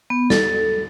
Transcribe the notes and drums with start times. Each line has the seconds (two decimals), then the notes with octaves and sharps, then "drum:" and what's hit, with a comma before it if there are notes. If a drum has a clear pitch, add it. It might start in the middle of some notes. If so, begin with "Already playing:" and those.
0.10 B3
0.30 A4, drum: snare